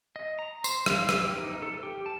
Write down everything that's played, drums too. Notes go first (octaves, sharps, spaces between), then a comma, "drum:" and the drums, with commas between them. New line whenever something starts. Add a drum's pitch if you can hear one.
D#5
A#5
C5, drum: tambourine
F5, drum: rim click
E6, drum: rim click
G4
D#4
A4
G4
A5